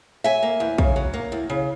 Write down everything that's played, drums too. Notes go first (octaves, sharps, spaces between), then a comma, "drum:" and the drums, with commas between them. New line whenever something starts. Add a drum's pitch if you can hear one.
F#3 E5 G#5
A#3
E2
C#3, drum: kick
F#3
A#3
E2
C#3